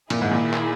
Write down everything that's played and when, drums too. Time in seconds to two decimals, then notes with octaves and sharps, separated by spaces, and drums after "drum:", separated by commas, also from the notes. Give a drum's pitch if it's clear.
0.10 A#2 D#3 A#3 E4 G#4, drum: cymbal
0.22 G#2
0.31 A#2
0.54 drum: clap